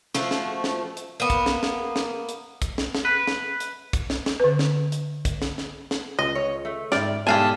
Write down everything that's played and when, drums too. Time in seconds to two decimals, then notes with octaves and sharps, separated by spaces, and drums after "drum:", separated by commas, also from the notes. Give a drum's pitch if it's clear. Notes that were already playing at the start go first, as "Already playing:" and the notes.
0.15 F3 A3 F#4, drum: snare
0.31 drum: snare
0.64 drum: snare
0.97 drum: hi-hat
1.20 A#3 B3
1.30 drum: kick, hi-hat
1.46 drum: snare
1.63 drum: snare
1.96 drum: snare
2.29 drum: hi-hat
2.62 drum: kick, hi-hat
2.78 drum: snare
2.95 drum: snare
3.05 B4
3.27 drum: snare
3.60 drum: hi-hat
3.93 drum: kick, hi-hat
4.10 drum: snare
4.26 drum: snare
4.40 D3 B4
4.59 drum: snare
4.92 drum: hi-hat
5.25 drum: kick, hi-hat
5.42 drum: snare
5.58 drum: snare
5.91 drum: snare
6.19 C#2 D#5
6.35 C#5
6.65 A3
6.92 G#2 G3 D5 E5 F6, drum: snare
7.27 G#2 B2 G3 A3 D4 F5 G#5 A5